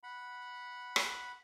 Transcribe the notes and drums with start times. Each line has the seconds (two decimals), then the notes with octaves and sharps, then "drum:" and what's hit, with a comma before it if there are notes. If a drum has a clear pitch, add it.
0.03 F#5 B5
0.96 drum: rim click